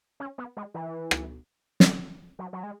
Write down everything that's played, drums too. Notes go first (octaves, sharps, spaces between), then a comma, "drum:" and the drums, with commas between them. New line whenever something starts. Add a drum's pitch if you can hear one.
C#4
B3
G#3
E3
drum: rim click
drum: snare
F#3
F#3
G#3